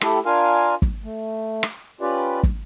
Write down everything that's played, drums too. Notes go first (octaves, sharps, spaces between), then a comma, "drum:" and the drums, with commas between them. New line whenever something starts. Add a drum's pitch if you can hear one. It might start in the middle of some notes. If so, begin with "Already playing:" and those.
A3 E4 G4 A4, drum: rim click
D4 F4 A#4 F5 G#5
drum: kick
A3
drum: rim click
C#4 F4 G4 B4 D5
drum: kick